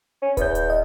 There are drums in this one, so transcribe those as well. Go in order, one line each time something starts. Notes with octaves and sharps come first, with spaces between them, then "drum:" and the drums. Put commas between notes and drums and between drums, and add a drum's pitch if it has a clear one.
C#4
E2 B4 G6, drum: kick D1, hi-hat
drum: hi-hat
D#5